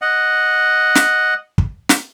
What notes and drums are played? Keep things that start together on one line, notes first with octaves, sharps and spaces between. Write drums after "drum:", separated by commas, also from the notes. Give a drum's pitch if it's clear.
D#5 F#5
drum: snare
drum: kick
drum: snare